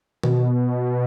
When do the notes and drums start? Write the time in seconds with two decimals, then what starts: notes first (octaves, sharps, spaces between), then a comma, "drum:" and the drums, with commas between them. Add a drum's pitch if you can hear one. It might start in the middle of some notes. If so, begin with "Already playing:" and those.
0.23 B2, drum: tom D#3